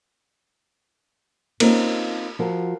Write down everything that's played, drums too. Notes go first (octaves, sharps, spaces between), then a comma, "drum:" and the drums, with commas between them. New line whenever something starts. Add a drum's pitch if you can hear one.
A#3 C4 C#4 D#4 F4 A#4, drum: cymbal
F3 F#4 A#4